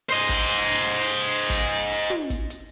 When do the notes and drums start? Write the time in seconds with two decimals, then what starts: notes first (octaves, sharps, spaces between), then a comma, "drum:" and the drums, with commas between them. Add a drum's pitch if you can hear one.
0.09 C5 D#5, drum: hi-hat
0.29 drum: kick, hi-hat
0.49 drum: hi-hat
0.89 drum: open hi-hat
1.10 drum: hi-hat
1.50 drum: kick, open hi-hat
1.90 drum: open hi-hat
2.10 drum: tom
2.30 drum: kick, hi-hat
2.50 drum: hi-hat